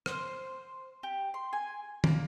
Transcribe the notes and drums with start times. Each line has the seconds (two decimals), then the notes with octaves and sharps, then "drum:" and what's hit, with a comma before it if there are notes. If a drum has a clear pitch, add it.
0.06 C5, drum: rim click
1.03 G4
1.34 C6
1.53 G#5
2.04 A#3, drum: tom